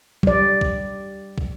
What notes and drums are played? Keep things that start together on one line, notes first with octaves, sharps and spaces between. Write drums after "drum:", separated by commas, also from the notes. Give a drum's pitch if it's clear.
G3 D5, drum: kick
drum: kick
drum: kick